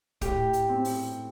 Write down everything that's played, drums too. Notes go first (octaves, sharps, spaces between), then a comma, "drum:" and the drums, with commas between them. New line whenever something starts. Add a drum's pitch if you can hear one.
A2 G4, drum: kick, hi-hat
drum: hi-hat
C4
drum: open hi-hat